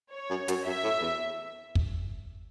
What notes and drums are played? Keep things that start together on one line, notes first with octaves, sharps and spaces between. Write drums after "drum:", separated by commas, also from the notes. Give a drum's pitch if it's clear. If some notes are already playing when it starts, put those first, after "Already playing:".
C#5
F#2
F#2, drum: hi-hat
F#2 E5
A2
E2
drum: kick